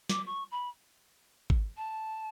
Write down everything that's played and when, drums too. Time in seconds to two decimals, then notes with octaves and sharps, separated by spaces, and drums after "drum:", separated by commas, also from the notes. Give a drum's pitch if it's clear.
0.10 D6, drum: snare
0.26 C#6
0.51 B5
1.50 drum: kick G#1
1.77 A5